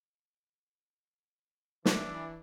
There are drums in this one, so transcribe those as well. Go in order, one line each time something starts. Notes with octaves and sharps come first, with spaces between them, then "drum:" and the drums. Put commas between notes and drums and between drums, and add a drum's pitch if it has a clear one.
E3 D4, drum: snare